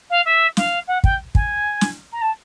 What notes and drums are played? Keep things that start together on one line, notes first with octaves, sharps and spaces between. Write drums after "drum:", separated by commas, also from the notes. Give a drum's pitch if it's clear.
F5
E5
F5, drum: snare
F#5
G5, drum: kick
G#5, drum: kick
drum: snare
A#5
A5